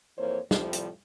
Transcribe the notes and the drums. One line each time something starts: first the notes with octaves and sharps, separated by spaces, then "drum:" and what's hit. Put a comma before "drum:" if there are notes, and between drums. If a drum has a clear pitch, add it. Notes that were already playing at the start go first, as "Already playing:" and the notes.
F2 E3 A#3 C5 C#5
A2 C3 F3 G3, drum: snare
drum: hi-hat